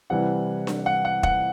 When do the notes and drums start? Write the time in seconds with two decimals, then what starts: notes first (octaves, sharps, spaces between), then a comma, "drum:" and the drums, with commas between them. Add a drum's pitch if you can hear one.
0.10 C3 E3 G3 F#5
0.67 drum: snare D4
0.86 F#5
1.05 F#5
1.23 F#5, drum: kick E1